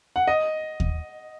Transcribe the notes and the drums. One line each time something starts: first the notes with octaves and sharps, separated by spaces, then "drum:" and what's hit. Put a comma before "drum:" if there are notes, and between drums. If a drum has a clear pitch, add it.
F#5
D#5
drum: kick D#2